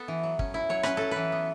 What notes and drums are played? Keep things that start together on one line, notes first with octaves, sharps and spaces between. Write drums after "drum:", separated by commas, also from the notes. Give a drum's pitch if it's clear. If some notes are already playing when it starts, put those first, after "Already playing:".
Already playing: B3 A4
E3
F#3
C#4, drum: kick
E4
F#3 C#5
C#4 B4, drum: rim click
F#3 A4
E3 B4
B3